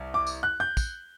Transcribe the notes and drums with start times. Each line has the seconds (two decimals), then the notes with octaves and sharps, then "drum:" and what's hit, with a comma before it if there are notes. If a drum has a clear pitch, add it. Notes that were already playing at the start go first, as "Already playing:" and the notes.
Already playing: C2
0.14 D6
0.27 drum: tambourine
0.43 F#6
0.60 G6
0.77 drum: kick, tambourine